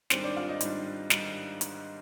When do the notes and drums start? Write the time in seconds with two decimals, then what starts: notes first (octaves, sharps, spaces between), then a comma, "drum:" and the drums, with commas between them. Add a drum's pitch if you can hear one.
0.10 G#2 D#3 G3 C4 D4 C5, drum: snare
0.23 D4 D5
0.36 F4 F5
0.48 D#4 D#5
0.61 G#2 D#3 G3 D4, drum: hi-hat
1.10 G#2 D#3 G3 D4, drum: snare
1.61 drum: hi-hat